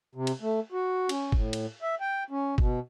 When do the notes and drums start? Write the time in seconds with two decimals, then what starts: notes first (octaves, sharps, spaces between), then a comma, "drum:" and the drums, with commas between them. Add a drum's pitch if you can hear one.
0.15 C3
0.27 drum: cymbal
0.42 A3
0.72 F#4
1.09 C#4, drum: cymbal
1.32 A2, drum: kick G1
1.53 drum: cymbal
1.82 E5
2.01 G5
2.30 C#4
2.58 B2, drum: kick G1